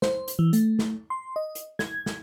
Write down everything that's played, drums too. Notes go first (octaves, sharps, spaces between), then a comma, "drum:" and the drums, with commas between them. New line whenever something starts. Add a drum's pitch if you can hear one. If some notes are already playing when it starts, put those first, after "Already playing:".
C5, drum: snare
drum: hi-hat
E3
A3, drum: hi-hat
drum: snare
C6
D#5
drum: hi-hat
G#6, drum: snare
drum: snare